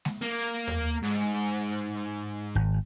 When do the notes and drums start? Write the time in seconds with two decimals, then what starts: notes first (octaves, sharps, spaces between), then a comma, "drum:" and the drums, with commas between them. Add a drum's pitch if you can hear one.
0.05 drum: snare G#3
0.21 A#3, drum: hi-hat
0.68 drum: tom D#2
1.03 G#2
2.55 G#1